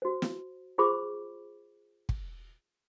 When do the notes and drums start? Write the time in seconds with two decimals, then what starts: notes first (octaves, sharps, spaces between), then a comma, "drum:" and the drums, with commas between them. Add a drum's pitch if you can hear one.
0.02 F#4 C5
0.22 drum: snare
0.78 F4 G#4 C5 B5 C#6 D6
2.09 drum: kick